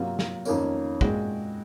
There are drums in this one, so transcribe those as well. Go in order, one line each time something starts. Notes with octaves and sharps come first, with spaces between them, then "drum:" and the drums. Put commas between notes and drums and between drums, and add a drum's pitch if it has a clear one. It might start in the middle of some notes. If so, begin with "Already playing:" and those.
Already playing: C3 F#3 A#3 F4
drum: snare
F2 D#3 A#3 C#4, drum: tambourine
A#2 G#3 C4 F#4, drum: kick